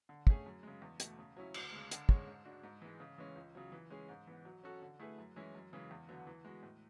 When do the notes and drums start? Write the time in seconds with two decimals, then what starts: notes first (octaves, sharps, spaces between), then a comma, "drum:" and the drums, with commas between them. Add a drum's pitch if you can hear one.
0.09 D3
0.27 A3 C#4 G#4, drum: kick
0.46 F#2
0.63 C#3 G#3
0.82 E2
1.00 B2 A3, drum: hi-hat
1.19 C#3
1.37 F#3 C#4 E4
1.54 D2, drum: cymbal
1.72 C#3 G#3
1.91 D3, drum: hi-hat
2.09 G#3 C#4 G#4 C#5, drum: kick
2.27 G#2
2.45 G#3 D4 F#4
2.64 G#2
2.82 E3 G#3
3.00 C#3
3.18 E3 G#3 C#4
3.36 C#2
3.55 C#3 F#3
3.72 E3
3.90 G#3 C#4 G#4
4.09 G#2
4.27 E3 B3
4.45 F#3
4.64 C#4 F#4 A4
4.82 D3
5.00 A3 E4 G#4 B4
5.18 F#2
5.36 E3 G#3 C#4 E4
5.55 F#2
5.73 C#3 E3 G#3
5.91 E2
6.09 D3 F#3 B3
6.27 E3
6.44 G#3 B3 F#4
6.63 A2